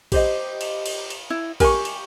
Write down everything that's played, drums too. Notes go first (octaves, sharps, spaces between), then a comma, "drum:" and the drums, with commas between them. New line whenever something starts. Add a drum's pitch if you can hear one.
G4 C5 D#5, drum: kick, cymbal
drum: cymbal
drum: cymbal
drum: cymbal
E4
G4 A#4 G#5 C#6, drum: kick, cymbal
drum: cymbal